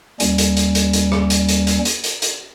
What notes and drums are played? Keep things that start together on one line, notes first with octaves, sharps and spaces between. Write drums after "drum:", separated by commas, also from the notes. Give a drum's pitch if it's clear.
D#2 G3 C#4, drum: hi-hat
drum: hi-hat
drum: hi-hat
drum: hi-hat
drum: hi-hat
drum: rim click
drum: hi-hat
drum: hi-hat
drum: hi-hat
drum: hi-hat
drum: hi-hat
drum: hi-hat